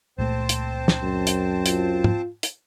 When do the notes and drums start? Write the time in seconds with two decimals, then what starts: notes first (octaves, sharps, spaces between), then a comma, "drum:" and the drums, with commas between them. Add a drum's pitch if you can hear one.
0.18 C#2 A#2 A3 C4 C5 A5
0.49 drum: hi-hat
0.88 drum: snare
1.02 F#2
1.27 drum: hi-hat
1.66 F4, drum: hi-hat
2.04 drum: tom
2.43 drum: hi-hat